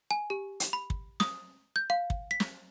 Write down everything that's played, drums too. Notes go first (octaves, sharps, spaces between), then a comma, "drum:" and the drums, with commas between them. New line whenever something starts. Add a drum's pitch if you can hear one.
G#5
G4
drum: hi-hat
B5
drum: kick
D#6, drum: snare
G6
F5
drum: kick
B6
drum: snare